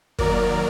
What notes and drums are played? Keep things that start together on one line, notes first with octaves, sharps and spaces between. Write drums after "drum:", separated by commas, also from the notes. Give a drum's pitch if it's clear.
D#3 F#3 A#3 A#4 D5, drum: kick